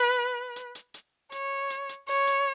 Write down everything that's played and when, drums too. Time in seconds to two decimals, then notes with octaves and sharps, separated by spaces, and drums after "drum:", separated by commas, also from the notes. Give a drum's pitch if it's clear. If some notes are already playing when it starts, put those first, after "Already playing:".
Already playing: B4
0.56 drum: hi-hat
0.75 drum: hi-hat
0.94 drum: hi-hat
1.32 C#5, drum: hi-hat
1.70 drum: hi-hat
1.89 drum: hi-hat
2.08 C#5, drum: open hi-hat
2.27 drum: hi-hat